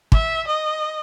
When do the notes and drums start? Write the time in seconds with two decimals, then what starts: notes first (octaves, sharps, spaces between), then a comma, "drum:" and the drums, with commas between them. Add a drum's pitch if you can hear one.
0.12 E5, drum: kick
0.47 D#5